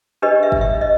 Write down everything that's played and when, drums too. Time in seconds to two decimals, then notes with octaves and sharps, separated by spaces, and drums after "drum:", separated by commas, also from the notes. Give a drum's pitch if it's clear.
0.22 D4 G4 B4 D#5
0.43 E5
0.52 drum: kick
0.61 E5
0.81 D#5